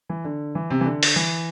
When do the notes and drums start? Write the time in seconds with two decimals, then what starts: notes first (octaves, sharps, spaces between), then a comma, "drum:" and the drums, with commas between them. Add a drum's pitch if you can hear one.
0.10 E3
0.24 D3
0.55 E3
0.70 C3
0.81 E3
0.86 D3
1.03 drum: open hi-hat
1.16 E3